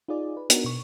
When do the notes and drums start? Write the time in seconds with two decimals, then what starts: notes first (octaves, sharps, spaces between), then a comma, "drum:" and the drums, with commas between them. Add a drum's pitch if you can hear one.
0.08 D#4 F4 G#4 D5
0.37 B4
0.50 B3 D4 D#4 F#4 A#4, drum: hi-hat
0.64 B2 C#6